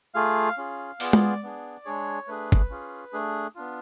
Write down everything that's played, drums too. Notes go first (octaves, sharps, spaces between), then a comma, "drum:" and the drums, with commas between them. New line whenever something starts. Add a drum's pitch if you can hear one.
A3 F4 G#4 F5
C#4 F4 G#4
B3 F4 G#4 D5, drum: open hi-hat
drum: tom G#3
B3 D4 G#4
G#3 D4 G#4 C#5
A3 D4 G#4 B4
drum: kick
C#4 F4 G#4
A3 D4 G#4
B3 D4 F4